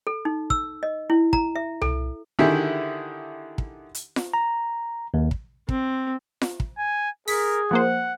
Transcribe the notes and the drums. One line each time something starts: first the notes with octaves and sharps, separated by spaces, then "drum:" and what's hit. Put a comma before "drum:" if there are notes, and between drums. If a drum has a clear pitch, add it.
A4
D#4
E6, drum: kick
D#5
E4
A#5, drum: kick
E5
A4, drum: tom C2
D3 D#3 E4 G4 G#4
drum: kick
drum: hi-hat
drum: snare F4
A#5
D#2
drum: kick
C4, drum: kick
drum: snare F4
drum: kick
G#5
G#4 A#4 B6, drum: open hi-hat
F3 A#3 C5 F#5